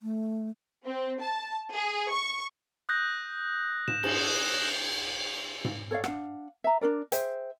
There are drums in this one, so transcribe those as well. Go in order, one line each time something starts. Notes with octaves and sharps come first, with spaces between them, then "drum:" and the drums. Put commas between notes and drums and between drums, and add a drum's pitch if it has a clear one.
A3
C4
A5
G#4
C#6
D#6 F#6 G6 A#6
E7, drum: tom G#2
drum: cymbal
drum: tom G#2
A4 C#5 D5 F5
D4 F5 F#5, drum: rim click
E5 A#5
D4 F4 A#4 D5
G#4 C5 E5 G5, drum: hi-hat